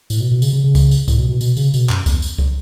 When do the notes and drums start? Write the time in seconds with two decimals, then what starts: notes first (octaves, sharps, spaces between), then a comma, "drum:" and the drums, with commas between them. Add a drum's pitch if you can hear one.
0.10 A2, drum: tambourine
0.20 B2
0.31 B2
0.42 C#3, drum: tambourine
0.53 C#3
0.64 C#3
0.75 drum: kick C#2, tambourine
0.91 drum: tambourine
1.08 A2, drum: kick C#2, tambourine
1.18 B2
1.29 B2
1.41 B2, drum: tambourine
1.57 C#3, drum: tambourine
1.74 B2, drum: tambourine
1.90 F#2, drum: clap
2.06 E2, drum: kick C#2, tambourine
2.22 drum: tambourine
2.39 drum: kick C#2